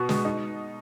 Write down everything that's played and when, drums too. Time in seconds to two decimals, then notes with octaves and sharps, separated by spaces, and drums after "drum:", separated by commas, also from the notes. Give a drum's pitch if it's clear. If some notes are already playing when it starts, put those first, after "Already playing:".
Already playing: B2 B3 F#4
0.09 G#3, drum: snare
0.25 D#4